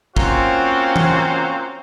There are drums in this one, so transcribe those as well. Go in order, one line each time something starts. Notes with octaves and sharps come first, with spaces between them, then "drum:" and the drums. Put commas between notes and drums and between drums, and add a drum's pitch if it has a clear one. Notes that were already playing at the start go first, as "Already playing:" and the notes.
A#3 C4 C#4 F4 F#4 C5, drum: kick
drum: tom E3